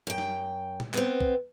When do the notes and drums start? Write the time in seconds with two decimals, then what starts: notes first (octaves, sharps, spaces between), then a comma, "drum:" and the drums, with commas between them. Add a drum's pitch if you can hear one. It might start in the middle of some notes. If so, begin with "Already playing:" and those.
0.07 F#2 G5
0.18 drum: snare
0.80 drum: tom
0.94 B3 C4, drum: clap
1.21 drum: kick B1